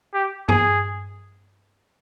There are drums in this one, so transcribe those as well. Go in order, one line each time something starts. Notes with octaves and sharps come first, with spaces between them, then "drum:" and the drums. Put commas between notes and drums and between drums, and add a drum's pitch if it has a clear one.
G4
G#4, drum: tom G2